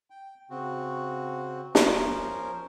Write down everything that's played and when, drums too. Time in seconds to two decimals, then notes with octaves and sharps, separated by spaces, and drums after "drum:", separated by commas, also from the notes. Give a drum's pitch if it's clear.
0.10 G5
0.50 C#3 C4 F#4
1.75 F3 C#4 A#4 C5, drum: snare